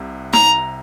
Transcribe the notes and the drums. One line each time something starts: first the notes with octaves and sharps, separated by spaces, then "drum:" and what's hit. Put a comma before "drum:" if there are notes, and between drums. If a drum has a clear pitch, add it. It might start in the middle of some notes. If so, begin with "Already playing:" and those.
Already playing: C2 C3
A#5, drum: snare